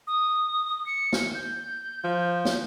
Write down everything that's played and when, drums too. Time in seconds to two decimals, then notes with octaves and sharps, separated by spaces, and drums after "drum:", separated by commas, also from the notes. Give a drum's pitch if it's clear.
0.07 D#6
0.86 C#7
1.13 drum: snare
1.35 G6
2.04 F3
2.45 drum: snare